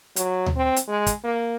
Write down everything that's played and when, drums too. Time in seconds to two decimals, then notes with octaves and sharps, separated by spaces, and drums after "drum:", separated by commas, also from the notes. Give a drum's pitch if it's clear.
0.16 F#3, drum: hi-hat
0.46 drum: tom D2
0.56 C4
0.76 drum: hi-hat
0.88 G#3
1.07 drum: kick, hi-hat
1.24 A#3